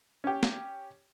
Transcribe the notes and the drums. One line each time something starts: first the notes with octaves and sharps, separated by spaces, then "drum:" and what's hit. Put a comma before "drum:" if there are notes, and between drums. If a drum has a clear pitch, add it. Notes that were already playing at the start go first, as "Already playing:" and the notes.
C#4 G4
drum: snare